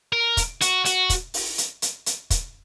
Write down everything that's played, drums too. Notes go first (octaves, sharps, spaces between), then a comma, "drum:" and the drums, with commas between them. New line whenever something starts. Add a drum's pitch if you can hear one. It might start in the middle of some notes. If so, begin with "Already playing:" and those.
A#4
drum: kick, hi-hat
F#4, drum: hi-hat
F#4, drum: hi-hat
drum: kick, hi-hat
drum: open hi-hat
drum: hi-hat
drum: hi-hat
drum: hi-hat
drum: kick, hi-hat